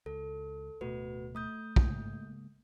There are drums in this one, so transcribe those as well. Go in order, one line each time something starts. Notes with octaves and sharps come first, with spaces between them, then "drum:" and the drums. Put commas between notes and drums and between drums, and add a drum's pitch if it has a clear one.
C#2 A4
D1 B2 A3 F#4 B4
A3 D#6 G6
C#3 G#3 A#3, drum: kick